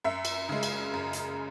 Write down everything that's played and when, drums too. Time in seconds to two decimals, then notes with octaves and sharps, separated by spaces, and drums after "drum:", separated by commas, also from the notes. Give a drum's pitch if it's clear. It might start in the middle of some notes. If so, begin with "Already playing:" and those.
0.04 F#2 E5
0.25 drum: cymbal
0.49 C#3 G#3
0.63 drum: cymbal
0.94 F#2
1.13 drum: hi-hat